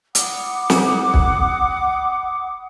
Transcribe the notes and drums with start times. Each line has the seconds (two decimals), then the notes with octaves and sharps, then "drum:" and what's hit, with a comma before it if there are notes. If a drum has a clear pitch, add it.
0.15 F#5 B5 D6 D#6, drum: hi-hat
0.70 drum: snare
1.14 drum: kick